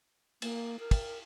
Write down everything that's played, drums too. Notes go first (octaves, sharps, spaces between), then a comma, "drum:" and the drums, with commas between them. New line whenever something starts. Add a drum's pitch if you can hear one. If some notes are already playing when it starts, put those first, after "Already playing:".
A#3, drum: cymbal
A#4
drum: kick, cymbal